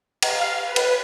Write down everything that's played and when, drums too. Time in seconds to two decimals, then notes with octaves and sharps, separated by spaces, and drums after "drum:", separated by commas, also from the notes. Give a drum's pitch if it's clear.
0.23 F5, drum: cymbal
0.62 B4
0.76 drum: cymbal